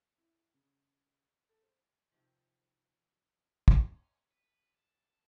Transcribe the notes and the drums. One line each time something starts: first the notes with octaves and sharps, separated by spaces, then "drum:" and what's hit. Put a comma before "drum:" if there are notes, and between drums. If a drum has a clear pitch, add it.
E4
C#3
A4
C5
C3 D#3 F3
drum: kick
C#4
B4
A5